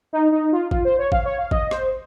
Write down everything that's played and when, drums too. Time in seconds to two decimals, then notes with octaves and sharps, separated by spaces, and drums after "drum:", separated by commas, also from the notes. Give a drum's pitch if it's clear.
0.13 D#4
0.32 D#4
0.52 F4
0.71 F4, drum: kick G#1
0.85 C5
0.99 C#5
1.12 F5, drum: kick G#1
1.25 C#5
1.38 F5
1.51 D#5, drum: kick G#1
1.71 C5, drum: rim click